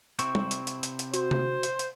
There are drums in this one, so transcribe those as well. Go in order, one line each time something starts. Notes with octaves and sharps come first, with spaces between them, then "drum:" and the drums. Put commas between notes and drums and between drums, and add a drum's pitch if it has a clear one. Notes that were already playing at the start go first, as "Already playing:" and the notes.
C3 C4 E4 C#6, drum: hi-hat
drum: tom G3
drum: hi-hat
drum: hi-hat
drum: hi-hat
drum: hi-hat
F#4 C5, drum: hi-hat
drum: tom C3
drum: hi-hat
drum: hi-hat